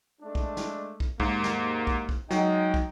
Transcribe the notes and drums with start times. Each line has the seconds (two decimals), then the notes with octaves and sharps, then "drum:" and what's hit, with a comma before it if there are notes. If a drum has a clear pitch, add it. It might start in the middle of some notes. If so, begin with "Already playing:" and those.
0.22 G#3 A3 D4
0.35 drum: kick
0.57 drum: snare
1.00 drum: kick
1.20 D#2 G#2 A#3, drum: kick
1.44 drum: snare
1.87 drum: kick
2.09 drum: kick
2.31 F#3 G#3 D#4 G5, drum: snare
2.74 drum: kick